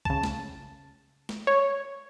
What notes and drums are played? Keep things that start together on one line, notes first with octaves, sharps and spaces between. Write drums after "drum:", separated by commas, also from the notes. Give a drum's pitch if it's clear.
C#3 A5, drum: kick
drum: snare
drum: snare
C#5